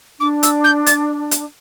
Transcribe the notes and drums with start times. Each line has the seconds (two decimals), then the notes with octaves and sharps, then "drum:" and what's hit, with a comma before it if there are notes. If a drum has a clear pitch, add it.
0.20 D4 D6
0.43 E6, drum: hi-hat
0.64 G6
0.86 A6, drum: hi-hat
1.31 drum: hi-hat